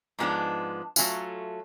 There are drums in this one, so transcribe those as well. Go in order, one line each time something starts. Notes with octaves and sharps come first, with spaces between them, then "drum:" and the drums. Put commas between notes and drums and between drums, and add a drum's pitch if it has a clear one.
G#2 F3 G#3 B3 D4
F#3 A3 C#4 F4, drum: tambourine